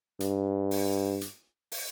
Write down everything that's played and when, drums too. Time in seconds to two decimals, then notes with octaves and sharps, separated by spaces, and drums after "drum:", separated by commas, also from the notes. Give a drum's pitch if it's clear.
0.20 G2, drum: hi-hat
0.71 drum: open hi-hat
1.21 drum: hi-hat
1.72 drum: open hi-hat